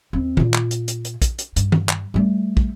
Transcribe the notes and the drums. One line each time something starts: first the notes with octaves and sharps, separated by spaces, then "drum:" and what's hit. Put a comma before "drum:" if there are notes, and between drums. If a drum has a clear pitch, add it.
D#2 C4
A#2 F4, drum: tom D#3
drum: clap
drum: hi-hat
drum: hi-hat
drum: hi-hat
drum: kick, hi-hat
drum: hi-hat
G2, drum: hi-hat
drum: tom D#3
drum: clap
G3 A3
drum: kick